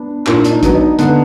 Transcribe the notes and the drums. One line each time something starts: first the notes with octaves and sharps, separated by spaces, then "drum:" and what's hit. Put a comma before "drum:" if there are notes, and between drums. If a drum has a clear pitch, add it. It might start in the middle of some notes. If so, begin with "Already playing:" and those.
Already playing: B3 D4
A#2 D4, drum: clap
D4, drum: hi-hat
D#4
F#3 B3, drum: kick, hi-hat
D#4
D3 B3, drum: hi-hat